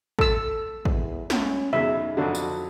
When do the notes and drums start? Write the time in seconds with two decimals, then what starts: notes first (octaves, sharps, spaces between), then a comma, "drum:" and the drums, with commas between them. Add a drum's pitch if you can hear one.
0.19 A4 E6, drum: kick
0.85 E2, drum: kick
1.30 C#4, drum: snare
1.73 B1 E2 C#3 D#4 E5
2.17 F2 D3 F#3 D4 F#4
2.35 drum: tambourine